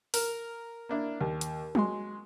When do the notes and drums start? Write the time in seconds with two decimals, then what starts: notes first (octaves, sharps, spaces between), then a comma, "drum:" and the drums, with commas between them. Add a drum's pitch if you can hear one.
0.14 A#4, drum: open hi-hat
0.89 A#3 D4 E4
1.21 D#2
1.41 drum: hi-hat
1.75 F#3 G#3 C6, drum: tom